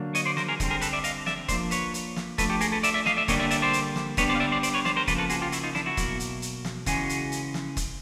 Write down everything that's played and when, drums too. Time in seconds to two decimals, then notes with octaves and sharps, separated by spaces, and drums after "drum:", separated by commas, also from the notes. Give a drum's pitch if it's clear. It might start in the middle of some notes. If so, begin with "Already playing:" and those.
Already playing: D3 F#3 A#3 D4
0.15 C#5 D#5, drum: hi-hat
0.25 C5 D5
0.37 A#4 C5, drum: snare
0.49 G#4 A#4
0.60 D3 G3 C4, drum: kick, hi-hat
0.70 G#4 A#4
0.81 A4 B4, drum: hi-hat
0.93 D5 E5
1.04 D#5 F5, drum: hi-hat
1.26 D5 E5, drum: snare
1.48 F3 A#3 D4 C5 D5, drum: kick, hi-hat
1.71 B4 C#5, drum: hi-hat
1.94 drum: hi-hat
2.16 drum: snare
2.38 F3 A3 D4 A4 B4, drum: kick, hi-hat
2.50 G4 A4
2.61 G#4 A#4, drum: hi-hat
2.72 A4 B4
2.83 D5 E5, drum: hi-hat
2.94 D5 E5
3.06 D#5 F5, drum: snare
3.17 D5 E5
3.28 D3 G3 A#3 D4 C#5 D#5, drum: kick, hi-hat
3.40 D5 E5
3.51 D5 E5, drum: hi-hat
3.62 C5 D5
3.73 drum: hi-hat
3.96 drum: snare
4.17 D3 G3 B3 D4 B4 C#5, drum: kick, hi-hat
4.29 C5 D5
4.35 F5
4.40 D5 E5
4.52 C5 D5
4.63 C5 D5, drum: hi-hat
4.73 B4 C#5
4.85 C5 D5, drum: snare
4.96 A#4 C5
5.07 C#3 F3 A#3 A4 B4, drum: kick, hi-hat
5.18 A4 B4
5.30 F#4 G#4, drum: hi-hat
5.41 F4 G4
5.52 E4 F#4, drum: hi-hat
5.64 D#4 F4
5.75 D4 E4, drum: snare
5.86 E4 F#4
5.97 B2 F#3 A#3, drum: kick, hi-hat
6.20 drum: hi-hat
6.42 drum: hi-hat
6.65 drum: snare
6.86 C#3 E3 G#3 C#4 F#4 G#4, drum: kick, hi-hat
7.09 drum: hi-hat
7.32 drum: hi-hat
7.54 drum: snare
7.77 drum: kick, hi-hat